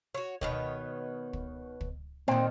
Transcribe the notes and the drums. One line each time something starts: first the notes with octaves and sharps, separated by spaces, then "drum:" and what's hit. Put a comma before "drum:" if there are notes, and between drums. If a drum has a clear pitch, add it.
F#4 C#5
B2 D#3 B3 C#5, drum: kick
drum: kick
drum: kick
A#2 D3 D#3 C4